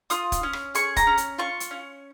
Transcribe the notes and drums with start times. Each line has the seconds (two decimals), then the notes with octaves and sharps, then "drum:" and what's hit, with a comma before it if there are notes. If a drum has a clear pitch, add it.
0.10 F4 D#6, drum: hi-hat
0.32 drum: kick, hi-hat
0.43 C#4
0.53 drum: rim click
0.75 G#4 C#6, drum: hi-hat
0.97 A#5, drum: kick, hi-hat
1.07 C#4
1.17 drum: hi-hat
1.38 F4 C#6
1.60 drum: hi-hat
1.71 C#4